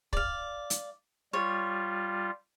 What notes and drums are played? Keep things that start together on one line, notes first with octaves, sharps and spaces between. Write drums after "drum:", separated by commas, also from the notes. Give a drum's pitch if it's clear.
D5 F5, drum: kick
drum: hi-hat
G3 F4 C#5